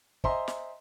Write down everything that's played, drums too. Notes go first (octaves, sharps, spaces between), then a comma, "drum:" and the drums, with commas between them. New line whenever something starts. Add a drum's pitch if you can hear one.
C5 D#5 E5 G#5 A#5 C6, drum: kick
drum: snare